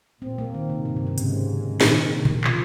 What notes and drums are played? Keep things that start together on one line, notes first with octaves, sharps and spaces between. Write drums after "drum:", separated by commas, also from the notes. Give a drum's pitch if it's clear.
A#2 C4
A#3
D#3
C3
G2 C3
C3
C3
G#2 C#3, drum: hi-hat
A#2 D#3, drum: snare
C3
drum: tom A#2
F3, drum: clap